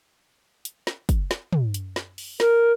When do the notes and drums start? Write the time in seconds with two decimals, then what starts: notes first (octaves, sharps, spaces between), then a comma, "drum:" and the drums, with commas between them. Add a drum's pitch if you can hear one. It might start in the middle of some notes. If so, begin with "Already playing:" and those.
0.65 drum: hi-hat
0.87 drum: snare
1.09 drum: kick, hi-hat
1.31 drum: snare
1.53 drum: tom
1.74 drum: hi-hat
1.96 drum: snare
2.18 drum: open hi-hat
2.40 A#4, drum: snare